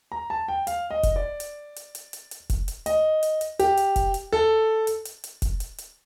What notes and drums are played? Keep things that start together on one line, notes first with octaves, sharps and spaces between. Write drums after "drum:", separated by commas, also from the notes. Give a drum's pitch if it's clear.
A#5
A5
G5
F5, drum: hi-hat
D#5
drum: kick F1, hi-hat
D5
drum: hi-hat
drum: hi-hat
drum: hi-hat
drum: hi-hat
drum: hi-hat
drum: kick F1, hi-hat
drum: hi-hat
D#5, drum: hi-hat
drum: hi-hat
drum: hi-hat
G4, drum: hi-hat
drum: hi-hat
drum: kick F1, hi-hat
drum: hi-hat
A4
drum: hi-hat
drum: hi-hat
drum: hi-hat
drum: kick F1, hi-hat
drum: hi-hat
drum: hi-hat